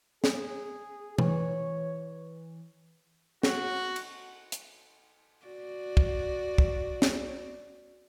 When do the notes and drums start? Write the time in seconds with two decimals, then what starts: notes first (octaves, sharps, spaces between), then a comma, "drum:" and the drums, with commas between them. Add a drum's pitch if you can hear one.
0.24 G#4, drum: snare
1.18 E3 C#5, drum: tom B2
3.43 F#4, drum: snare
3.96 drum: cymbal
4.52 drum: hi-hat
5.46 F#4 D5
5.97 drum: kick
6.58 drum: kick
7.02 drum: snare